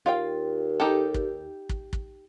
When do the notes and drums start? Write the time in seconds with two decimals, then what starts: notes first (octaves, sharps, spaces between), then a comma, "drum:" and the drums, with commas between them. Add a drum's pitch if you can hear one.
0.06 D#2 F4 F5 G5
0.80 D#4 G4 A4
1.14 drum: kick
1.69 drum: kick
1.93 drum: kick